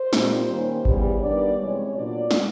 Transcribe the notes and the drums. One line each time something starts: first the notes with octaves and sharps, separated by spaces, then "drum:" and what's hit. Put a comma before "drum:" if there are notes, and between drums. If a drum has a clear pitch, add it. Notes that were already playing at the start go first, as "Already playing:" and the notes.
Already playing: C5
A#2 G3 C4 D#4, drum: snare
D#3 G3 A#3 C#4
C#3 E3 G3 B3 C#5, drum: kick G#1
D#3 G3 B3 D4 D5
C3 E3 G#3 C#4 C#5
A#2 F#3 B3 D4 D5
drum: snare